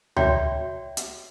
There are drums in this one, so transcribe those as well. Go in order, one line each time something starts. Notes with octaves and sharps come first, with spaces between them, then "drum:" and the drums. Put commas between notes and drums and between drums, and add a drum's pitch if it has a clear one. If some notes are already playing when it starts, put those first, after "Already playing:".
F#4 C#5 D5 E5 G5, drum: tom C#2
drum: hi-hat